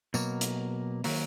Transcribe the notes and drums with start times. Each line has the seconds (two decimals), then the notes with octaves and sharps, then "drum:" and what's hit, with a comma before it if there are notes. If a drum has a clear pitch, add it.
0.14 B2 F#3 A#3, drum: tambourine
0.41 drum: hi-hat
1.04 D#3 F#3 A#3, drum: open hi-hat